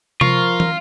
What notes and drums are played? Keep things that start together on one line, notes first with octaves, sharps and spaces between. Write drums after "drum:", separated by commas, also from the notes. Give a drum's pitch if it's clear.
F3 F4 A#4 C#6, drum: tom C3
drum: tom